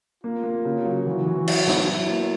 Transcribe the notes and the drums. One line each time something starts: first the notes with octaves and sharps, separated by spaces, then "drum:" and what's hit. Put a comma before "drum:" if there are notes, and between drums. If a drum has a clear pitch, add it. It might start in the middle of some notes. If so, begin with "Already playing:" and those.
A#3 F4
A#3
C#3
F#3
E3 F#4
E3
F#3, drum: cymbal
B3, drum: snare
F#3 E4
A#3